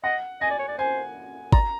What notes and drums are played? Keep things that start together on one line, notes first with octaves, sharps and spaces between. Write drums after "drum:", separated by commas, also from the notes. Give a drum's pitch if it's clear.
D#5 F#5
D#5 G#5
D5
C#5
D5
C5 G#5
D5 A#5, drum: kick